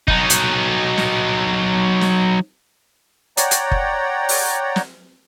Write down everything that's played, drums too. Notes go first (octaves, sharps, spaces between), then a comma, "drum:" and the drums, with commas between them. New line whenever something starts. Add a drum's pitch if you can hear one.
F#3 D#4, drum: kick F#1
drum: hi-hat
drum: snare
drum: snare
C#5 D5 F#5 G5 A#5, drum: hi-hat
drum: hi-hat
drum: kick F#1
drum: open hi-hat
drum: snare